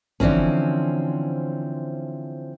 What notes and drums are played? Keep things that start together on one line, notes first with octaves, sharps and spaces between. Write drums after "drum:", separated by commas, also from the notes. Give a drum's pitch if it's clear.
D3 E3 F3 C4 C#4, drum: tom